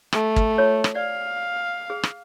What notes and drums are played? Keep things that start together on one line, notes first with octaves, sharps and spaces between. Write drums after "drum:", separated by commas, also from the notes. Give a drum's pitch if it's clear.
A3, drum: rim click
drum: kick
F4 C#5
drum: rim click
D5 F5
G#4
drum: rim click